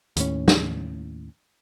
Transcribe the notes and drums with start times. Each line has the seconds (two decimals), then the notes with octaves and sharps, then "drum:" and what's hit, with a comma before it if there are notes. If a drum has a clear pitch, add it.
0.16 D#2 A2 C#4, drum: hi-hat
0.48 drum: snare